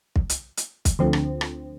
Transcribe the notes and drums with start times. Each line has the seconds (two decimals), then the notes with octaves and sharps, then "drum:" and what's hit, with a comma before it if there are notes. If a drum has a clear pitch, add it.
0.16 drum: kick
0.30 drum: hi-hat
0.57 drum: hi-hat
0.85 drum: kick, hi-hat
0.99 D2 D3 F3 C4
1.13 drum: rim click
1.41 drum: rim click